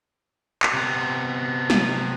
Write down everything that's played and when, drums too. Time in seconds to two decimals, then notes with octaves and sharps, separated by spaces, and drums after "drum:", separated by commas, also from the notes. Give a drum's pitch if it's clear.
0.63 drum: clap
0.74 C3 B3
1.70 drum: snare